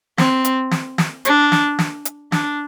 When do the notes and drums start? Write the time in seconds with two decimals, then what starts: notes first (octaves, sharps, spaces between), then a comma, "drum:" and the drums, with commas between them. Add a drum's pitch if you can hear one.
0.18 C4, drum: snare
0.45 drum: hi-hat
0.71 drum: snare
0.98 drum: snare
1.25 D4, drum: hi-hat
1.52 drum: snare
1.79 drum: snare
2.05 drum: hi-hat
2.32 D4, drum: snare